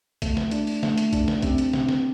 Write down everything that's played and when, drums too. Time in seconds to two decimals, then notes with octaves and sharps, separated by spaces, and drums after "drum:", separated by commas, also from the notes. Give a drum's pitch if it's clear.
0.22 A3, drum: kick B1, hi-hat
0.37 drum: snare
0.51 D4, drum: hi-hat
0.67 drum: open hi-hat
0.83 A3, drum: snare
0.98 drum: hi-hat
1.13 D4, drum: kick B1, hi-hat
1.28 drum: snare
1.42 C3, drum: kick B1, hi-hat
1.58 drum: hi-hat
1.73 C3, drum: snare
1.89 drum: snare